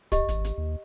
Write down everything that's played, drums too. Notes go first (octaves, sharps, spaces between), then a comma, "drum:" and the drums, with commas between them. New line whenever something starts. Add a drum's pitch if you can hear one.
G4 D#5, drum: kick, hi-hat
G#1, drum: hi-hat
drum: hi-hat
D#2